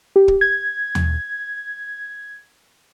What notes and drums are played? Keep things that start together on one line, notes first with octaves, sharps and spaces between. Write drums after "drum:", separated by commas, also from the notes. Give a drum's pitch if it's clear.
G4
drum: kick
G#6
drum: tom D#2